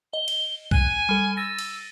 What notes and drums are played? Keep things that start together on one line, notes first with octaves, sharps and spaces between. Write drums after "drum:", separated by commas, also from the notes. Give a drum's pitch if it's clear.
D#5 G7
drum: cymbal
G#5 F#6, drum: kick B1
G3 A4
E6 A6 A#6 D#7
drum: cymbal